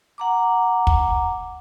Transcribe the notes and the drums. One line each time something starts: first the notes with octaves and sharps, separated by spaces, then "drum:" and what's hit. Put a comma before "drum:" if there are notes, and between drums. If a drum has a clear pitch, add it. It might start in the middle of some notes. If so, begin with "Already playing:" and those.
F#5 A#5 D6
drum: kick